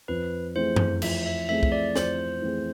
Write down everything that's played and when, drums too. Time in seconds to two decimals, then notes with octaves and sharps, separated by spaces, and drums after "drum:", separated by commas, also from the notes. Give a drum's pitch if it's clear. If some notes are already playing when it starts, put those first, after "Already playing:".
0.08 F2 B4
0.55 E3 A3 C4 G#4 C5
0.76 drum: tom F#2
1.02 F2 E5, drum: cymbal
1.26 E5
1.49 E3 A3 C4 G#4 E5
1.63 drum: kick C2
1.72 D5
1.96 F2 C5, drum: snare
2.42 E3 A3 C4 G#4